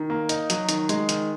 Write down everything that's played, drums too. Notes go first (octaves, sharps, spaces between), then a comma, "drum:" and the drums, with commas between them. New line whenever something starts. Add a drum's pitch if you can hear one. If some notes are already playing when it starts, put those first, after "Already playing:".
Already playing: D#3
A#3
D#4, drum: hi-hat
F#3, drum: hi-hat
D#3, drum: hi-hat
G#3, drum: hi-hat
D#3, drum: hi-hat